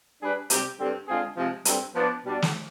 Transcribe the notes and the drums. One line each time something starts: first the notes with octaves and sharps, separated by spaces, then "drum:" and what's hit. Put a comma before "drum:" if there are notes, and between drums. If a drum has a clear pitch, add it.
G3 D4 G#4 B4
C3 G3 C4 G4, drum: hi-hat
G2 D3 G3 C4
D3 G#3 C4 F4 G#4
C3 F3 G#3
G2 D3 G3 C4, drum: hi-hat
F3 B3 D4
B2 G3 D4
drum: snare